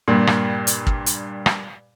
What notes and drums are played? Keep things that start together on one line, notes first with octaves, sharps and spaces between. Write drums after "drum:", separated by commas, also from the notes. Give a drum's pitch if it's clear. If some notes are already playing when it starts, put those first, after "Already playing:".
G2 A#2
drum: rim click
drum: hi-hat
drum: kick
drum: hi-hat
drum: rim click